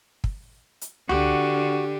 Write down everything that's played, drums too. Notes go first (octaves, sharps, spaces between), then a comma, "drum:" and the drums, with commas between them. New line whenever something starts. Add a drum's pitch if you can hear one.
drum: kick
drum: hi-hat
D3 F#4 G4, drum: tom C#2